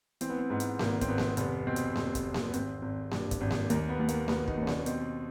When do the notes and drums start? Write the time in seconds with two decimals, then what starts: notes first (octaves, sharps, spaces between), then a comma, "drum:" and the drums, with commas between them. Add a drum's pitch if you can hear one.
0.21 E3 C4, drum: hi-hat
0.30 B3
0.39 C4
0.50 G#2 B3
0.60 drum: hi-hat
0.79 G#1 A#3, drum: snare A#3
1.01 C4, drum: kick, hi-hat
1.08 G#1 B3
1.18 drum: snare A#3
1.37 F1 B3, drum: hi-hat
1.67 B2 C4
1.76 drum: hi-hat
1.96 F1, drum: snare A#3
2.15 drum: kick, hi-hat
2.25 E2
2.34 drum: snare A#3
2.48 B3
2.54 G#1 C4, drum: hi-hat
2.82 G#1
3.11 G2, drum: snare A#3
3.31 drum: kick, hi-hat
3.41 G#1
3.51 drum: snare A#3
3.70 D#2 A#3, drum: hi-hat
3.89 B3
3.99 D#2
4.08 A#3, drum: hi-hat
4.28 D#2 B3, drum: snare A#3
4.48 D#4, drum: kick
4.57 D#2 C#4
4.67 D4, drum: snare A#3
4.86 B2 C4, drum: hi-hat